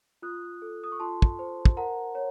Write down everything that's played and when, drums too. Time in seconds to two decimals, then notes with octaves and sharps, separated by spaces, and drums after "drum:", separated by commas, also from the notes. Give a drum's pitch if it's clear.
0.22 F4 D#6 F#6
0.62 A4
0.84 D#6
0.92 C#6
1.00 F4 A5 C6
1.22 drum: kick
1.39 C5
1.65 drum: kick
1.77 A#4 F#5 A#5
2.15 C#5